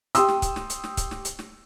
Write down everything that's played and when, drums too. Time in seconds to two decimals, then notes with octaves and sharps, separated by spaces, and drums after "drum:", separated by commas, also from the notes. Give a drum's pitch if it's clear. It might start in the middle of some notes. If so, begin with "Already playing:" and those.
0.15 G4 G5 C6 D#6 E6, drum: hi-hat
0.28 drum: snare
0.42 drum: kick, hi-hat
0.56 drum: snare
0.70 drum: hi-hat
0.84 drum: snare
0.97 drum: kick, hi-hat
1.11 drum: snare
1.25 drum: hi-hat
1.39 drum: snare